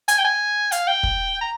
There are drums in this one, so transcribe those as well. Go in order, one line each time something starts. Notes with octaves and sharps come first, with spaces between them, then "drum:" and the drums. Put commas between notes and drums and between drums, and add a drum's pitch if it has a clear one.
G#5, drum: hi-hat
G5
G#5
F5, drum: hi-hat
G5
drum: kick
A#5